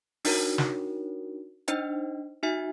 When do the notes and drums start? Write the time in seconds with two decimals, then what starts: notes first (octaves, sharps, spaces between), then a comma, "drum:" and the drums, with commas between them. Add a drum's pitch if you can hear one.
0.25 D4 D#4 F#4 A#4 C#5, drum: open hi-hat
0.58 drum: snare
1.68 D4 D#4 C5 D#5 G5, drum: hi-hat
2.43 D#4 F#4 E5 G#5